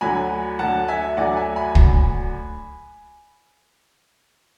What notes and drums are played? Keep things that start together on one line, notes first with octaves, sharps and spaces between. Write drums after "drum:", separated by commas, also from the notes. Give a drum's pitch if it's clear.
D2 D3 F#3 G#5 B5
D2 D3 F#3 F#5 A5
E5 G#5
D2 D3 F#3 D5 F#5
E5 G#5
G#5 B5
D2 D3 F#3, drum: kick